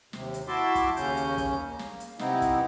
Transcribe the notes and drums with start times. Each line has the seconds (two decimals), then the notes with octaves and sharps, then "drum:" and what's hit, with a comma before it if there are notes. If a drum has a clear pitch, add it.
0.13 D#2 C3, drum: snare
0.34 drum: hi-hat
0.48 E4 F#4 E5 A5 C6 D6
0.75 drum: kick, hi-hat
0.97 D#2 C#3 C#4 G6, drum: hi-hat
1.17 drum: hi-hat
1.38 drum: kick, hi-hat
1.65 A#3
1.79 drum: snare
2.00 drum: hi-hat
2.19 C3 B3 C4 D#4 E4, drum: snare
2.42 drum: kick, hi-hat